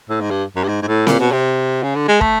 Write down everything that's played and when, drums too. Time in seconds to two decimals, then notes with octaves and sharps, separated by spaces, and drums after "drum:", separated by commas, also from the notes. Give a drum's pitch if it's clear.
0.10 A2
0.21 G#2
0.30 G2
0.56 F#2
0.64 G2
0.68 G#2
0.82 G#2
0.87 A2
1.07 A#2, drum: snare C4
1.19 B2
1.32 C3
1.83 C#3
1.95 D3
2.08 G#3
2.21 A3, drum: kick